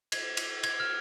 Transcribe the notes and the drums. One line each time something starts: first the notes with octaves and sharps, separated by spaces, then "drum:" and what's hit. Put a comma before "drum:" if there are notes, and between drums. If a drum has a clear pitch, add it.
G#6, drum: cymbal
drum: cymbal
G#6, drum: cymbal
F6